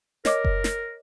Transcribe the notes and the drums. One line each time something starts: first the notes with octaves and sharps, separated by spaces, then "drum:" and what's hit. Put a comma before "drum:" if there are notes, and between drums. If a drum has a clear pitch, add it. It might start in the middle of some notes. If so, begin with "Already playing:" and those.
A#4 C#5 D#5 D6, drum: snare
drum: kick F#1
drum: snare